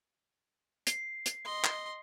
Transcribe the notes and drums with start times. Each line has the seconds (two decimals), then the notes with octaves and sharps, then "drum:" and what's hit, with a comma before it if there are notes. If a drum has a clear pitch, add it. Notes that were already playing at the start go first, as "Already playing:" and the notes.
0.87 C7, drum: hi-hat
1.26 drum: hi-hat
1.45 D#5 C6
1.64 drum: clap